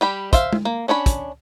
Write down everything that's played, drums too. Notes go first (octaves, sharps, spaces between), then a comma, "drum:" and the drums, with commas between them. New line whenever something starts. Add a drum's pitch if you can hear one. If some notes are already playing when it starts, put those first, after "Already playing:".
G3 G4 B5
C5 E5 F5, drum: kick, hi-hat
drum: tom G#3
A#3
C#4 D4 C#5 B5
drum: kick, hi-hat